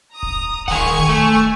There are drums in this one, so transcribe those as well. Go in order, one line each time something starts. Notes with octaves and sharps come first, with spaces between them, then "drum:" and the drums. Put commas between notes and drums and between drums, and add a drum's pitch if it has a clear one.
A#5 D#6
drum: kick D1
D#3 F#5 G#5 C#6, drum: kick D1
drum: kick D1
A3